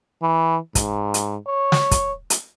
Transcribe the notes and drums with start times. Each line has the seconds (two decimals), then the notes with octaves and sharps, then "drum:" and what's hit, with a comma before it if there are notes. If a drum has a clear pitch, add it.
0.22 E3
0.75 G#2, drum: kick, hi-hat
1.14 drum: hi-hat
1.47 C#5
1.72 drum: snare
1.91 drum: kick, hi-hat
2.30 drum: hi-hat